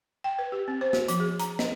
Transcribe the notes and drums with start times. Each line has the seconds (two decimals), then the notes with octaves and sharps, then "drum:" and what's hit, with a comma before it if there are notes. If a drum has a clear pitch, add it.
0.24 G5
0.39 B4
0.52 G4
0.68 C4
0.81 C5
0.93 F#4, drum: snare
1.08 F3, drum: hi-hat
1.20 G#4
1.40 A#5, drum: hi-hat
1.59 D#5, drum: snare